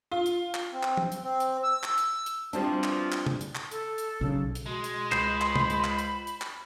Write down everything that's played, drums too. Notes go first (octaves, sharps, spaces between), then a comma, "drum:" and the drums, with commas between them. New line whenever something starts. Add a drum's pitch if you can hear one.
F4
drum: hi-hat
drum: clap
C4
drum: clap
drum: tom
drum: hi-hat
C4
drum: hi-hat
E6
drum: clap
drum: hi-hat
drum: hi-hat
B2 E3 F3 G3 C4 D4, drum: hi-hat
drum: clap
drum: clap
drum: tom
drum: hi-hat
drum: clap
A4, drum: hi-hat
drum: hi-hat
B1 C#3
drum: hi-hat
B2 G#3
drum: hi-hat
C#2 C5 B5, drum: clap
drum: clap
drum: tom
drum: hi-hat
drum: clap
drum: hi-hat
drum: hi-hat
drum: clap